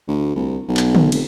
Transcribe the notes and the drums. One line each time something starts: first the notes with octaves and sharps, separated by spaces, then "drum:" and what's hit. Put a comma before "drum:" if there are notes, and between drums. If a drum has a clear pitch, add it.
D2
C2
B1
drum: clap
drum: tom D3
F1, drum: cymbal